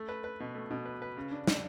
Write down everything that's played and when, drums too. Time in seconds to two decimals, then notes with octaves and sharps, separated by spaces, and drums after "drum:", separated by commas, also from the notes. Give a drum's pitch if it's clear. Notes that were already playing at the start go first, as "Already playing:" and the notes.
Already playing: A3
0.09 B4
0.24 B4
0.40 B2
0.55 A3
0.71 B2
0.86 B4
1.02 B4
1.17 C#3
1.31 D4
1.47 D4, drum: snare